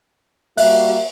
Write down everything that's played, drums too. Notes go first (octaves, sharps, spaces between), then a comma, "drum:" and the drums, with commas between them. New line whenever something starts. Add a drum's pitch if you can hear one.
G3 A#3 F#4 E5 F#6, drum: open hi-hat